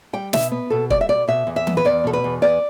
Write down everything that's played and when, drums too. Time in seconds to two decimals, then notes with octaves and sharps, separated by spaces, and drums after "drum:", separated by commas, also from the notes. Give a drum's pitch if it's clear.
0.13 G3 G5
0.33 B2 E5, drum: snare
0.52 B3
0.70 B2 A4
0.90 G3 D5, drum: kick
1.01 E5
1.09 B2 D5
1.28 B2 E5
1.47 E2
1.56 E5
1.67 B3, drum: tom E3
1.77 B4
1.85 E2 D5
2.04 B2 A4
2.13 B4
2.24 E2
2.42 B3 D5